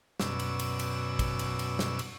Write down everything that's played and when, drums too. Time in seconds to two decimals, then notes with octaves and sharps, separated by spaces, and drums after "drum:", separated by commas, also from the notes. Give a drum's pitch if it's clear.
0.20 F#2 B2 C#4 D5 E6, drum: snare
0.39 drum: cymbal
0.59 drum: cymbal
0.79 drum: cymbal
1.19 drum: kick, cymbal
1.39 drum: cymbal
1.59 drum: cymbal
1.79 drum: snare
1.99 drum: cymbal